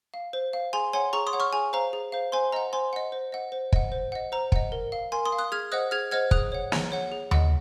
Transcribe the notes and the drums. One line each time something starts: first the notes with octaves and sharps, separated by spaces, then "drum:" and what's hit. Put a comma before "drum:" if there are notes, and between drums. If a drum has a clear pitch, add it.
F5
C5
F5
G#4 G#5 C6
C#5 F#5 G#5 C6
G#4 A#5 C#6
C6 D#6
C#5 F#5
C#6 F6
G#4 G#5
C5 F5 A#5
G#4
C5 F5
C5 G#5 C6
D#5 F#5 A#5
C5 G#5 C6
D#5 F#5
C5
D#5 F#5
C5
D#5 F#5, drum: kick
C5
D#5 F#5
C5 A#5
D#5 F#5, drum: kick
A#4
F5
A#4 G#5 C6
C6 D#6
F5
D#6 F#6
G#4 F6 G#6
C5 D#5 F#5 D#6 F#6
G#4 F6 G#6
C5 D#5 F#5 F6 G#6
G#4 D#6 F#6, drum: kick
C#5 F#5
G#4, drum: snare
C#5 F#5
G#4
D#5 F#5, drum: tom D#2